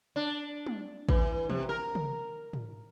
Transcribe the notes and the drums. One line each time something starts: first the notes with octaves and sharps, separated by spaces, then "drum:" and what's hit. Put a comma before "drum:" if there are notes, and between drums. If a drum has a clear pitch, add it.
D4
drum: tom
E3, drum: kick A1
C3, drum: tom
A#4
drum: tom
drum: tom